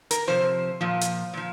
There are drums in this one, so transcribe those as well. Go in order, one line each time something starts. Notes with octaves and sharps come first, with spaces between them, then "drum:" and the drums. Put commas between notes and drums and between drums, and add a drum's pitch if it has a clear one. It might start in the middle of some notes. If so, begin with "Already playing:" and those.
A#4, drum: hi-hat
C3 F3 C5
A#2 F3
drum: hi-hat
A#2 F3